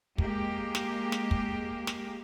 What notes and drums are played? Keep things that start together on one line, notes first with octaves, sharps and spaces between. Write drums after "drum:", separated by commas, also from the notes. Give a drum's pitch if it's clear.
G#3 A#3 G4, drum: kick
drum: snare
drum: snare
drum: kick
drum: snare